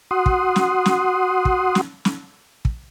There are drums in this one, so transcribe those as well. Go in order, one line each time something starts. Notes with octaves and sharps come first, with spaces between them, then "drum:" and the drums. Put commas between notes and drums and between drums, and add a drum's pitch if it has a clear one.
F#4 F#5 C6 D#6
drum: kick
drum: snare
drum: snare
drum: kick
drum: snare
drum: snare
drum: kick